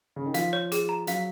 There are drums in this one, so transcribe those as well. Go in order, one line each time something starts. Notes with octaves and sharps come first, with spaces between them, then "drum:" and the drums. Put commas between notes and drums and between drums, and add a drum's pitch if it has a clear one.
C#3
D#3
F3 F5, drum: hi-hat
C#5
G#4, drum: hi-hat
A#5
F#3 F5, drum: hi-hat